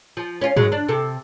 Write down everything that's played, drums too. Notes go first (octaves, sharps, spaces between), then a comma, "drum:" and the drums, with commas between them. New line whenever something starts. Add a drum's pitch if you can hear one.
F3
C#4 F4
F#2 F#3 G#3, drum: tom
D4
C3 A4